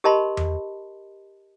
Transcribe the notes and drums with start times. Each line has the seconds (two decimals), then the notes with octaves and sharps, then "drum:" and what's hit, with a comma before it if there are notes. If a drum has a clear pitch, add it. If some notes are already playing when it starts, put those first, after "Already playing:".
0.04 G4 A#4 D#5 A5 B5 C6
0.37 drum: tom E2